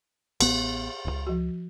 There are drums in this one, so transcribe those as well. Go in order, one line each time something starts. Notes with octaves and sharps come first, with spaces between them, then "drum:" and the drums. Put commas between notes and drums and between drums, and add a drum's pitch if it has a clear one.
A1 B3, drum: cymbal
D1 C#2
F3 F#4